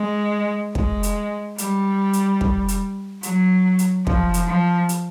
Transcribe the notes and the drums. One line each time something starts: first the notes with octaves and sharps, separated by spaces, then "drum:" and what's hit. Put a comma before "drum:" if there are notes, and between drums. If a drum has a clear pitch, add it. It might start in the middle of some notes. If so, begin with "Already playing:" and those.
Already playing: G#3
G#3, drum: kick
drum: hi-hat
G3, drum: hi-hat
drum: hi-hat
drum: kick
drum: hi-hat
F#3, drum: hi-hat
drum: hi-hat
F3, drum: kick
drum: hi-hat
F3
drum: hi-hat